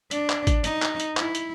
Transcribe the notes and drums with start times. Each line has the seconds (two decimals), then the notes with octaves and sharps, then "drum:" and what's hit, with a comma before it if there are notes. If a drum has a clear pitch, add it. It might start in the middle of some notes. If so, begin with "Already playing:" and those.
0.11 D4, drum: hi-hat
0.29 drum: clap
0.47 drum: kick, hi-hat
0.64 D#4, drum: hi-hat
0.82 drum: clap
1.00 drum: hi-hat
1.17 E4, drum: clap
1.35 drum: hi-hat